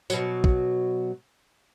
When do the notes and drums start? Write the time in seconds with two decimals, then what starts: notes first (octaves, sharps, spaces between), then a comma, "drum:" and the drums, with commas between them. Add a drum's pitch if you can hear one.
0.10 B2 F#3, drum: tambourine
0.44 drum: kick